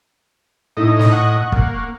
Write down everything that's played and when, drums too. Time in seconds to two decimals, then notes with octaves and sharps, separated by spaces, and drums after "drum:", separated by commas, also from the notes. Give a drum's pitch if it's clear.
0.77 A2 D#4 E4 A4 D#5
0.99 drum: snare
1.11 F#5 C#6 F#6
1.52 A#3, drum: kick